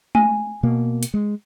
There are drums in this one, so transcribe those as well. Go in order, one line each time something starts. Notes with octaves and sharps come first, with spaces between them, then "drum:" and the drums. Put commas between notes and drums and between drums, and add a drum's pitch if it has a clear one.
G#5, drum: tom G#3
B2 A#3
drum: hi-hat
G#3